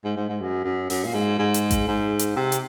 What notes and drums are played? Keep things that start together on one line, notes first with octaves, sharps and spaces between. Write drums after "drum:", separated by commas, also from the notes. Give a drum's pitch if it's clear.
G#2
G#2
G#2
F#2
F#2
F#2, drum: open hi-hat
A#2
G#2
G#2
drum: hi-hat
drum: kick A1, hi-hat
G#2
drum: hi-hat
C3
drum: hi-hat